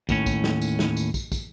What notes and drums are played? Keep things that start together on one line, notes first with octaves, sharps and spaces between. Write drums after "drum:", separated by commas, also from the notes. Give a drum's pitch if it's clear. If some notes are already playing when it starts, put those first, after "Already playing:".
D#2 A2 C#4, drum: kick, tambourine
drum: kick, tambourine
drum: snare
drum: tambourine
drum: snare
drum: tambourine
drum: kick, tambourine
drum: kick, tambourine